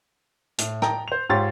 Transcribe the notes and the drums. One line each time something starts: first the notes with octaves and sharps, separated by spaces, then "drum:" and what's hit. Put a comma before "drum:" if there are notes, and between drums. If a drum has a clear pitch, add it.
A2, drum: hi-hat
G5 A5 A#5, drum: rim click
C5 F7
G#2 F4 G4 C#5 C6 A6